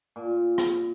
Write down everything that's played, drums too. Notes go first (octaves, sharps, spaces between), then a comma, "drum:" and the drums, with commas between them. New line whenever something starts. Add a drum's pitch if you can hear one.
A#2
drum: rim click